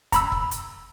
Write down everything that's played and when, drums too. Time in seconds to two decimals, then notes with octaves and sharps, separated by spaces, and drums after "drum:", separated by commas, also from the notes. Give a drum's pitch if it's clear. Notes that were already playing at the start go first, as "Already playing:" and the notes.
0.12 A#5 B5 E6, drum: kick, hi-hat
0.32 drum: kick
0.51 drum: hi-hat